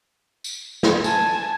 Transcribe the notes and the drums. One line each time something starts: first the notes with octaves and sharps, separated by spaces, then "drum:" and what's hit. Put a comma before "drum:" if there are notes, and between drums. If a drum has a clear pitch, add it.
drum: tambourine
drum: snare
G#5 A5, drum: tambourine